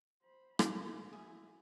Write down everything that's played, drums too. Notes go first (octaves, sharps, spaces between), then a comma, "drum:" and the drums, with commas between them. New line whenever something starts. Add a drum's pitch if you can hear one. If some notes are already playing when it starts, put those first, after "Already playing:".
C5 B5
E5 C6, drum: rim click
E4 F#4 G#4